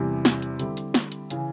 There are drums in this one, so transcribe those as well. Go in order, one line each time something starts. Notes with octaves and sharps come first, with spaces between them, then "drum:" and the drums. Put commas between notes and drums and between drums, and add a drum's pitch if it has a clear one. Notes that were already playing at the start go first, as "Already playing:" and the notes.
Already playing: E2 C3 E3 G3
drum: snare
drum: hi-hat
D3 G3 C4 E4 G4, drum: hi-hat
drum: hi-hat
drum: snare
drum: hi-hat
C#3 E3, drum: hi-hat